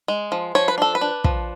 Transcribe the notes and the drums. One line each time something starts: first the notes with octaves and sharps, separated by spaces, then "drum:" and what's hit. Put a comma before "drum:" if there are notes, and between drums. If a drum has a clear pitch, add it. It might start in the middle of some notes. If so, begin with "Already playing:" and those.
G#3
F3
F3 C#5
B4
D4 A4
B4
D4
F3, drum: kick